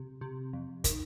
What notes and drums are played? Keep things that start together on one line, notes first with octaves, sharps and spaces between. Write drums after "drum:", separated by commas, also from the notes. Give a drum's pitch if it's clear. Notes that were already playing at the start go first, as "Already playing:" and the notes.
Already playing: C3
C3
F2
D#3, drum: kick, hi-hat